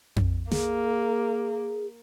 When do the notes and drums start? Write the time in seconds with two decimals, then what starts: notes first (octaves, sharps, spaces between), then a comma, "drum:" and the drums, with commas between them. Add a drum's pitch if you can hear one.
0.16 drum: tom F2
0.51 A#3 G#4, drum: snare